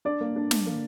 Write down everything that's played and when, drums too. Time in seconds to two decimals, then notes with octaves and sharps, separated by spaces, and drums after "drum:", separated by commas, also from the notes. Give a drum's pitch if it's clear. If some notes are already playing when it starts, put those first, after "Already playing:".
0.05 D4 D5
0.21 A#3
0.36 D4
0.51 D4, drum: snare
0.66 A#3